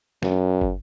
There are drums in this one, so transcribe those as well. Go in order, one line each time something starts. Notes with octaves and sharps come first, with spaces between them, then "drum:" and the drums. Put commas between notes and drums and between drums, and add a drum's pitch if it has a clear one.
F#2, drum: snare
drum: kick